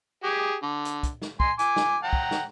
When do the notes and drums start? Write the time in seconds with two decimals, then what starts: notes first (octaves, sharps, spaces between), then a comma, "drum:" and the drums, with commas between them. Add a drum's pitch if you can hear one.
0.24 G4 G#4
0.63 D3
0.85 drum: hi-hat
1.03 drum: kick, hi-hat
1.22 drum: snare
1.40 G#5 C6, drum: kick
1.59 G#5 D6, drum: hi-hat
1.76 drum: snare
2.04 F#5 G5 A#5
2.13 drum: kick
2.31 drum: snare